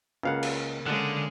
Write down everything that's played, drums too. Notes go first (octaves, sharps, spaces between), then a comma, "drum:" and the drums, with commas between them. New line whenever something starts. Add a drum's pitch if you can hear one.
C#2 C#3 A#3 F5 F#5
drum: cymbal
D3 G#3 C#4 F#5